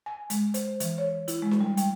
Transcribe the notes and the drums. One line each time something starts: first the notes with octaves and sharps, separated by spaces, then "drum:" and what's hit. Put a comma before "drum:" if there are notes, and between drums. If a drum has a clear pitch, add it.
G#5
G#3, drum: hi-hat
C5, drum: hi-hat
E3, drum: hi-hat
C#5
E4, drum: hi-hat
G#3
drum: snare D4
G3
G5, drum: hi-hat